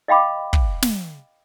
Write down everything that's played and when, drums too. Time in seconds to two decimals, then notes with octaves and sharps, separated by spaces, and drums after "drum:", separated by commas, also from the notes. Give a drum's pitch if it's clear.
0.08 D#5 F5 G5 B5 D6
0.53 drum: kick
0.82 drum: snare